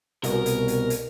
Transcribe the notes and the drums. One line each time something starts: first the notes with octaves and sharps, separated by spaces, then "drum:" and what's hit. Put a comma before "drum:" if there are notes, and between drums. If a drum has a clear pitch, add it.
C2 B2 A#4, drum: hi-hat
drum: hi-hat
drum: hi-hat
drum: hi-hat